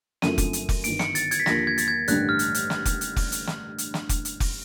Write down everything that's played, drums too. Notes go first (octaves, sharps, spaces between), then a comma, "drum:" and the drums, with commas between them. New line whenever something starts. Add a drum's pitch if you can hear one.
F#2 D3 F3 A3 C4 D#7, drum: snare
drum: kick F1, hi-hat
drum: hi-hat
drum: kick F1, open hi-hat
G1 G2 D#3 D7, drum: hi-hat
C#7, drum: snare
A6, drum: hi-hat
G#6, drum: hi-hat
B6
D#2 D3 F3 A#6, drum: snare
G#6
A6, drum: hi-hat
G#6
A1 G2 D3 G3 F#6, drum: hi-hat
F6
drum: hi-hat
drum: hi-hat
drum: snare
drum: kick F1, hi-hat
drum: hi-hat
drum: kick F1, open hi-hat
drum: hi-hat
drum: snare
drum: hi-hat
drum: snare
drum: kick F1, hi-hat
drum: hi-hat
drum: kick F1, open hi-hat